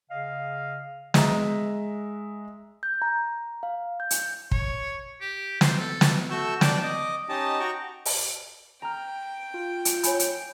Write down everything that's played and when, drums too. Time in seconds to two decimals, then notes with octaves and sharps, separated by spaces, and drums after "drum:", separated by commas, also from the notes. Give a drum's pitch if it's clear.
0.10 C#3 G#4 D#5 F5
1.14 G#3 E5 A#5, drum: snare
2.83 G6
3.02 A#5
3.63 F5
4.00 G6
4.11 drum: hi-hat
4.51 C#5, drum: kick
5.21 G4
5.61 C5, drum: snare
5.79 A4
6.01 drum: snare
6.30 A3 F#4 C#6 E6 G6
6.61 D4 D5 G5 A5 D6 G6, drum: snare
6.83 D#5 D6
7.29 C#4 D#4 G4 D#5 A5
7.60 F#4 G5 A#5 C#6
8.05 drum: open hi-hat
8.82 G5 A#5 F6
9.54 F4
9.85 drum: hi-hat
10.03 C#5 G#5 B5, drum: hi-hat
10.19 drum: hi-hat